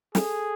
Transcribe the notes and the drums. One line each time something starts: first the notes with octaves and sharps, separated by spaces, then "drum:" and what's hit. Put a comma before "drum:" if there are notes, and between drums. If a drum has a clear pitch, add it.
G#4 A4, drum: snare